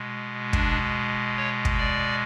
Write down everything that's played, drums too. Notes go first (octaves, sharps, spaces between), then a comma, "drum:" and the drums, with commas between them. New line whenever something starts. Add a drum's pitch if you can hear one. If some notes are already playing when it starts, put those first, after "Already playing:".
Already playing: B2 G#3
D4, drum: kick
C#5
drum: kick
D5